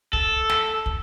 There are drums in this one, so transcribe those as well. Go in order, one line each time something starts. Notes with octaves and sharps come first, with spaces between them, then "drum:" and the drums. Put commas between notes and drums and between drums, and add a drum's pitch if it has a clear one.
A4, drum: kick
drum: snare
drum: kick